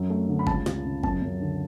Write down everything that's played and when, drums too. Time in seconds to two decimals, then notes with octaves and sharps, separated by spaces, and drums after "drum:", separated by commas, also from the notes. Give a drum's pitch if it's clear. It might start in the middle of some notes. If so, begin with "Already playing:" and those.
Already playing: F#2
0.10 A3
0.28 D3
0.39 B5
0.47 C#2 A5, drum: kick G1
0.66 C#2, drum: snare
0.85 C#3
1.03 F#2 A5, drum: kick G1
1.22 F#2
1.41 D3